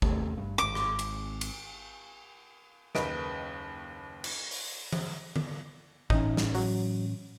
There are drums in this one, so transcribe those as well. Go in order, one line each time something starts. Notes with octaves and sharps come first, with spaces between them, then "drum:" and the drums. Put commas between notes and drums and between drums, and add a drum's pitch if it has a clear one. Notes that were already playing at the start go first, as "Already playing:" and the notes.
D#2 C3 A3, drum: kick
G2
D#1 G#1 D6
drum: rim click
drum: cymbal
drum: cymbal
F#1 D#2 B4 D#5 D7, drum: snare
drum: cymbal
drum: open hi-hat
drum: tom E3
drum: tom
A2 E3 C#4 D#4, drum: kick
drum: snare
F#3, drum: open hi-hat